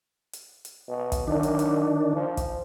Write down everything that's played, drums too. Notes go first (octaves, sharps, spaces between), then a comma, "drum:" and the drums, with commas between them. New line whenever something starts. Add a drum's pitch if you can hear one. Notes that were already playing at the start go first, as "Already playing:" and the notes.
drum: hi-hat
drum: hi-hat
B2
drum: kick, hi-hat
F#2 D#3 D4
drum: hi-hat
drum: hi-hat
F3
drum: kick, hi-hat